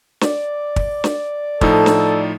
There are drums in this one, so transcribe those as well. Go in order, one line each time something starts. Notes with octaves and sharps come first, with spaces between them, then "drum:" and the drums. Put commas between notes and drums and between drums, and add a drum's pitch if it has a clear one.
D5, drum: snare
drum: kick
drum: snare
A2 F3 D#4 A4, drum: kick
drum: snare